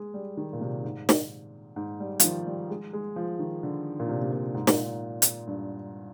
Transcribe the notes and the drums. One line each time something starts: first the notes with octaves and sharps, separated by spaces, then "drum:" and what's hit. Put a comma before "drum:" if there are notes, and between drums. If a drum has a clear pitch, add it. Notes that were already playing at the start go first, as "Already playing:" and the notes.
Already playing: G#3
G3
D#3
A#2
C3
G#2
drum: snare
G#2
G3
F3, drum: hi-hat
D#3
G3
G#3
G#3
F3
D#3
D3
A#2
C3
C3
A#2
G#2
A#2, drum: snare
G#2
drum: hi-hat
G2